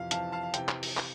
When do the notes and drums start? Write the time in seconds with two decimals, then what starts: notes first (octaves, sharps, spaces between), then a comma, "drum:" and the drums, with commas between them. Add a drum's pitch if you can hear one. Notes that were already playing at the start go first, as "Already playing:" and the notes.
Already playing: F2 C3 E3 F5
0.11 F2 C3 E3 F5 A5, drum: hi-hat
0.32 F5 A5
0.43 F5
0.54 C3 E3 G5, drum: hi-hat
0.68 drum: clap
0.83 drum: open hi-hat
0.97 drum: clap